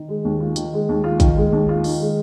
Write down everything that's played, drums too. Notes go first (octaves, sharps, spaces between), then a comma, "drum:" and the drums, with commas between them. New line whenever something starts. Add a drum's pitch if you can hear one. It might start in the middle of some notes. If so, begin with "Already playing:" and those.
Already playing: D#3
G#3
D#2
F4
D#3, drum: hi-hat
G#3
D#2
F4
D#3, drum: kick, hi-hat
G#3
D#2
F4
D#3, drum: open hi-hat
G#3